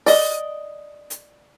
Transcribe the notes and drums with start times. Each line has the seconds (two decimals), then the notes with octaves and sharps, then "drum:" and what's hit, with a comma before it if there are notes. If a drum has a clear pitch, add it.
0.06 D5 D#5, drum: open hi-hat
1.10 drum: hi-hat